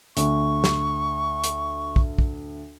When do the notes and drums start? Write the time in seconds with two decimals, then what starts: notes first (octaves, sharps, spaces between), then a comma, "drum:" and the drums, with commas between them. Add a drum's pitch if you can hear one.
0.17 D2 C#6, drum: hi-hat
0.64 drum: snare
1.44 drum: hi-hat
1.96 drum: kick
2.18 drum: kick